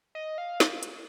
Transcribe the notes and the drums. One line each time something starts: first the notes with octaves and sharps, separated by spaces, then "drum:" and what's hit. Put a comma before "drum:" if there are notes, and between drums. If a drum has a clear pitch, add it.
D#5
F5
drum: snare
drum: hi-hat